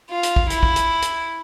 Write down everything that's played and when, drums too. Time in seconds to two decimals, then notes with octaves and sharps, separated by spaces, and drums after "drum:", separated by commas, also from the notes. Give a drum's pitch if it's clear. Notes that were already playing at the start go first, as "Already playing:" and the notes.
0.10 F4
0.23 drum: hi-hat
0.36 drum: kick
0.50 E4, drum: hi-hat
0.63 drum: kick
0.76 drum: hi-hat
1.02 drum: hi-hat